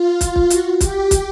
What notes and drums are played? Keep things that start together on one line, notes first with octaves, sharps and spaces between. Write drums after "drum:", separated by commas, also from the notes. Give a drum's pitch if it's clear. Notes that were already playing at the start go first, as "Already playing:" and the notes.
Already playing: F4
drum: kick, hi-hat
drum: kick
F#4, drum: hi-hat
G4, drum: kick, hi-hat
drum: kick, hi-hat